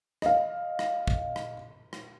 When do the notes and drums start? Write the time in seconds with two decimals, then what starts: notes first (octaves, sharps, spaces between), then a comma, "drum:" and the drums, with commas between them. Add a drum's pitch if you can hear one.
0.22 D#5 F5, drum: rim click
0.79 drum: rim click
1.08 drum: kick
1.36 drum: rim click
1.93 drum: rim click